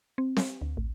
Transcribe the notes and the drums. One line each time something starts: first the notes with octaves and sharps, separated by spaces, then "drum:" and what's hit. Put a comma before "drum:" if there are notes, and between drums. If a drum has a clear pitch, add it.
C4
drum: snare C4
D2
A1